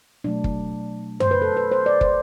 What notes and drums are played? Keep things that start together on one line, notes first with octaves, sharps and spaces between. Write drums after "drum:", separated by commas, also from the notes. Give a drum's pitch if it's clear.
B2 F#3 A3 D4
drum: kick
C5, drum: tom F#2
B4
A4
B4
C5
D5
C5, drum: kick